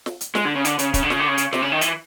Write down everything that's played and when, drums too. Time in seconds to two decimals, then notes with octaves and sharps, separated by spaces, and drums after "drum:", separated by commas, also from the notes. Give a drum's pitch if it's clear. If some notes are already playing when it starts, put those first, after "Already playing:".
0.06 drum: snare
0.21 drum: hi-hat
0.35 G#3, drum: snare
0.45 D3
0.55 C#3
0.65 D3, drum: hi-hat
0.79 C#3, drum: hi-hat
0.94 C#3, drum: kick, hi-hat
1.03 D3
1.10 C#3, drum: snare
1.19 D3
1.28 C#3
1.37 drum: hi-hat
1.53 C3, drum: snare
1.62 C#3
1.72 D#3
1.81 E3, drum: hi-hat